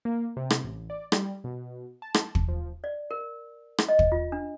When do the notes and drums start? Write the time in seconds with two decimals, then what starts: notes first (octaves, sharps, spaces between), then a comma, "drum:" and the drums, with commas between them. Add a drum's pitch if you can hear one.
0.05 A#3
0.37 C3
0.50 drum: rim click
0.64 A1
0.90 D5
1.12 G3, drum: rim click
1.44 B2
2.02 A5
2.14 drum: rim click
2.35 drum: kick
2.48 F3
2.84 D5
3.11 A#4
3.78 drum: rim click
3.89 D#5
3.99 drum: kick
4.12 F4
4.32 D4